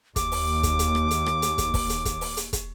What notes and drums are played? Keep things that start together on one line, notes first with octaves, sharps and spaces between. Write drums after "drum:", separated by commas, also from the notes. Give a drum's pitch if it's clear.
D#2 D6, drum: kick, hi-hat
drum: open hi-hat
drum: kick, hi-hat
drum: hi-hat
drum: rim click
drum: hi-hat
drum: rim click
drum: hi-hat
drum: kick, hi-hat
drum: kick, open hi-hat
drum: hi-hat
drum: kick, hi-hat
drum: open hi-hat
drum: hi-hat
drum: kick, hi-hat